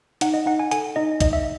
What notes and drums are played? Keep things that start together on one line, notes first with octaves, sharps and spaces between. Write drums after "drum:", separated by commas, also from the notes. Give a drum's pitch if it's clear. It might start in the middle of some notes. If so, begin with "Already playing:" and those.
D#4 F#5, drum: hi-hat
D#5
D#4 F#5
G#5
A4 G#5, drum: hi-hat
D#4 D#5
D#4 D#5, drum: kick, hi-hat
E5